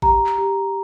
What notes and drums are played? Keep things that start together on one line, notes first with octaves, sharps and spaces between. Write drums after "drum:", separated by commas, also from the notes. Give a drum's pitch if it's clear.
G4 A#5, drum: kick A1
drum: clap
G4